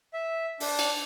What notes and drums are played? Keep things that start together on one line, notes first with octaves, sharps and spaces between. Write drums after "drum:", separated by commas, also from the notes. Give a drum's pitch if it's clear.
E5
D4, drum: open hi-hat
drum: cymbal